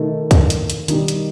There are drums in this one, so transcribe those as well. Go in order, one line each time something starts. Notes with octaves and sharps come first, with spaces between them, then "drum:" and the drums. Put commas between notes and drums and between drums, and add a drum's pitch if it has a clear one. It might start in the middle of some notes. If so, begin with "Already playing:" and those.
Already playing: B2 D#3 A3 E4
drum: kick, hi-hat
drum: hi-hat
drum: hi-hat
B2 D#3 G3 D#4 G4, drum: hi-hat
drum: hi-hat